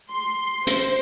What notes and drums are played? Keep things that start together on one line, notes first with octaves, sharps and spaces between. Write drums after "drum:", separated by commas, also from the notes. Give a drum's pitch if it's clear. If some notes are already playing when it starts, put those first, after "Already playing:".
C6
C5, drum: hi-hat